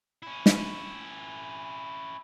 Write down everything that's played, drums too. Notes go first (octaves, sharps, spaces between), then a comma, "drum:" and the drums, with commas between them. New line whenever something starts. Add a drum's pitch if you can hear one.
C#4 E4
drum: snare